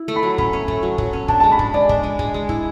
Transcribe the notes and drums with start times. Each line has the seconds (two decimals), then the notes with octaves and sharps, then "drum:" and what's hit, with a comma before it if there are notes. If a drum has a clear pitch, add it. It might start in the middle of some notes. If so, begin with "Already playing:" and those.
Already playing: E4
0.08 A3
0.16 B5
0.23 F#3
0.38 C#4 B5, drum: kick
0.53 C#4
0.68 A3, drum: kick
0.83 F#3
0.98 F#3, drum: kick
1.13 C#4
1.28 D4 A5, drum: kick
1.40 G#3 A5
1.51 B5
1.59 G#3, drum: kick
1.74 G#3 D5
1.89 D4, drum: kick
2.03 G#3
2.19 G#3, drum: kick
2.34 G#3
2.49 E4, drum: kick